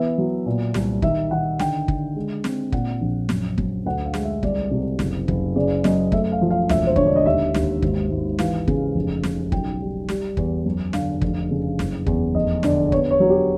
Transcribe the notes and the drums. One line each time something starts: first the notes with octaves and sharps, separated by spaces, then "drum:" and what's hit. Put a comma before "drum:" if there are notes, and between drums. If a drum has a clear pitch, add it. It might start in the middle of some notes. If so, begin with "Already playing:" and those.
Already playing: E3 B3 E5
F#3
A#2
C2, drum: snare
D#3 E5, drum: kick
D#3 F#5
D3 G5, drum: snare
D3, drum: kick
G#3
C4, drum: snare
A#2 F#5, drum: kick
A#1
F#2, drum: snare
F#2, drum: kick
D2 F#5
F5
G#3, drum: snare
E5
C2 D5, drum: kick
C3
F#1, drum: snare
F#1, drum: kick
C#3 D5
F#2 D#5, drum: snare
A3 E5, drum: kick
F5
F3
F5
E1 E5, drum: snare
C5
D3 C#5, drum: kick
D5
D#5
D#2 E5
D#2, drum: snare
G#1, drum: kick
G#1
E3 F5, drum: snare
C#3, drum: kick
F1
C#3, drum: snare
B1 G5, drum: kick
G3
G3, drum: snare
E2, drum: kick
F#2
D3 F5, drum: snare
F1, drum: kick
C#3
F#1, drum: snare
E2, drum: kick
F1 D#5
D3 D5, drum: snare
B3 C#5, drum: kick
C#5
F#3
G4